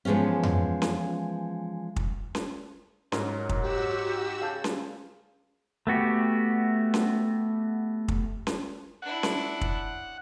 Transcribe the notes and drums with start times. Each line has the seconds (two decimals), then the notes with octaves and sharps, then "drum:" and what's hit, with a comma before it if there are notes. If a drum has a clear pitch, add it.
0.05 E3 F3 G#3 B3 C#4
0.43 drum: tom F2
0.82 drum: snare C#4
1.96 drum: kick
2.35 drum: snare C#4
3.12 G#2 F#3 A#4, drum: snare C#4
3.49 drum: kick
3.62 F#4 G4 E6
4.42 C#3 F5 A5 G6
4.64 drum: snare C#4
5.87 A3 B3 F#4 G4
6.94 drum: snare C#4
8.08 drum: kick
8.47 drum: snare C#4
9.02 D4 E4 F#5
9.23 drum: snare C#4
9.61 drum: kick